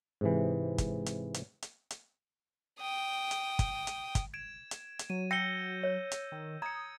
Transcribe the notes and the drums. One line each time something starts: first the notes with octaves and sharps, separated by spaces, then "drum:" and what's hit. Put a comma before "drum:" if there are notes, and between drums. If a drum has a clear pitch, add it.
G#2 C3 E3
drum: kick, hi-hat
drum: hi-hat
drum: hi-hat
drum: hi-hat
drum: hi-hat
G5 D#6
drum: hi-hat
drum: kick, hi-hat
drum: hi-hat
drum: kick, hi-hat
G#6 D7 E7
drum: hi-hat
drum: hi-hat
F#3 D#7
G5 E6 G6 A#6 C#7 G7
C#5
drum: hi-hat
D#3
A#5 D#6 G#6 C#7